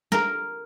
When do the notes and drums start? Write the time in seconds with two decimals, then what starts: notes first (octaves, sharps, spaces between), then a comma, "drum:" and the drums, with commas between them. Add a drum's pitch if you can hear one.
0.12 A#4, drum: snare